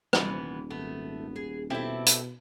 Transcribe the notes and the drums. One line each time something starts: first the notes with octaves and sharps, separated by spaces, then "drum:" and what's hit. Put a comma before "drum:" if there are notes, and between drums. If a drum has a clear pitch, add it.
D#1 C3 E3 B3, drum: rim click
G#1 A3 B3
G#4
B2 C4 E4 G4 A4 E5
drum: hi-hat